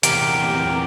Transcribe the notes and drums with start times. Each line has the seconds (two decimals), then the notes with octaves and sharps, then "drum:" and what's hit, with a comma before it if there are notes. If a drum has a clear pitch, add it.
0.03 E2 C3 G4 A#4 D7, drum: hi-hat